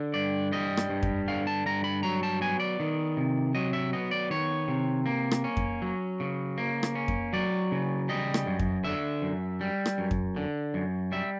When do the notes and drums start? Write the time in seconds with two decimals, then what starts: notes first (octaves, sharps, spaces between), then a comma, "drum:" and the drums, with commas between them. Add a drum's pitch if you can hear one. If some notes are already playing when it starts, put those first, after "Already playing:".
Already playing: D3
0.14 G2 D5
0.52 G3 D#5
0.77 drum: rim click
0.89 G2
1.03 drum: kick F2
1.28 D3 F5
1.47 A5
1.66 G2 A#5
1.84 B5
2.03 F#3 A#5
2.23 A5
2.41 B3 G#5
2.60 D5
2.80 D#3
3.17 C3
3.55 F#3 D#5
3.73 E5
3.93 B3 D#5
4.11 D5
4.30 D#3 C#5
4.68 C3
5.06 A#3
5.31 drum: rim click
5.44 C#4
5.57 drum: kick F2
5.82 F#3
6.20 C#3
6.58 A#3
6.83 drum: rim click
6.95 C#4
7.08 drum: kick F2
7.33 F#3 D5
7.72 C#3
8.09 G3 D#5
8.34 drum: rim click
8.46 F#2
8.59 drum: kick F2
8.84 D3 E5
9.22 F#2
9.61 G3
9.86 drum: rim click
9.98 F#2
10.11 drum: kick F2
10.36 D3
10.74 F#2
11.12 G3 E5